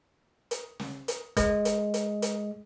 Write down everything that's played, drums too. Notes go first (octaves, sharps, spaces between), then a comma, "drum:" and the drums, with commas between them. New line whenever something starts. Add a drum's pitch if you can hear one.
drum: hi-hat
drum: snare
drum: hi-hat
G#3, drum: kick, hi-hat
drum: hi-hat
drum: hi-hat
drum: hi-hat